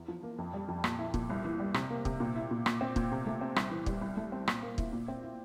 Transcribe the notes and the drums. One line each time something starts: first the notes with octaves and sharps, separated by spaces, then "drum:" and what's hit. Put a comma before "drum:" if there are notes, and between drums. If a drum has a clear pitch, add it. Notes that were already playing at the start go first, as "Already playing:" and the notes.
Already playing: E2
F3
A#3
F2
G3
F2
A#2, drum: rim click
E4
A#2, drum: kick
C2
E3
G3
C3, drum: rim click
A#3
C3, drum: kick
A#2
E4
A#2
A#2, drum: rim click
C4
A#2, drum: kick
C3
A3
C4
C2, drum: rim click
E3
G3, drum: kick
C2
A3
C4
A#2, drum: rim click
A#3
E4, drum: kick
A#2
C4
E4